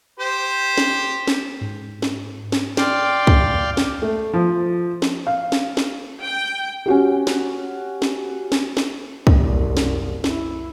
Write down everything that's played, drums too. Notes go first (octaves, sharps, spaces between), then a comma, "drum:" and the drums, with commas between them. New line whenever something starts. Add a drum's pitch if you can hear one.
G4 C5
drum: snare
drum: snare
G#2
drum: snare
drum: snare
D5 F5 G5 C6, drum: snare
drum: kick
drum: snare
A3
F3
drum: snare
F5
drum: snare
drum: snare
G5
C#4 F#4 G4
drum: snare
drum: snare
drum: snare
drum: snare
drum: kick
F#1 C2
drum: snare
E4, drum: snare